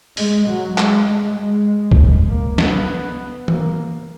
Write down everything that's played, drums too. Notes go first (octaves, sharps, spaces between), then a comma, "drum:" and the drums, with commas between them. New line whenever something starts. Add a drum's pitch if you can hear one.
G#3, drum: open hi-hat
F#3
G#3, drum: clap
G#3
G#3
drum: kick C#2
A#3
B3, drum: snare
A#3, drum: tom E3